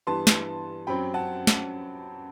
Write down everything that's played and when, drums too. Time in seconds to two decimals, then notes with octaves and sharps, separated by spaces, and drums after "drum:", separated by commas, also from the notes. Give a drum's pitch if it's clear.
0.07 G2 E3 B3 A5 C6
0.27 drum: snare
0.87 F#2 F#3 C4 G5 B5
1.14 F#5 A5
1.47 drum: snare